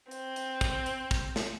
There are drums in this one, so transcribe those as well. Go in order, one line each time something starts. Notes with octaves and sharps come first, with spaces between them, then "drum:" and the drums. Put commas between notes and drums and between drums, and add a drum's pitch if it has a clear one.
C4, drum: hi-hat
drum: hi-hat
drum: kick, hi-hat
drum: hi-hat
drum: kick, hi-hat
drum: snare